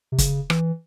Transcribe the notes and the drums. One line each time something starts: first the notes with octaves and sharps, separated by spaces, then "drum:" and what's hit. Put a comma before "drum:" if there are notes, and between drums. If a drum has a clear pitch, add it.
C3
C#3, drum: kick, hi-hat
E3, drum: rim click